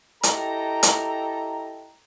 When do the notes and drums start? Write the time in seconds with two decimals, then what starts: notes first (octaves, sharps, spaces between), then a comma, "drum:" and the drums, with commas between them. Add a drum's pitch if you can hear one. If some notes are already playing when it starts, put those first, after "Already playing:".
0.23 E4 G4 A4 D#5 G5 A#5, drum: hi-hat
0.83 drum: hi-hat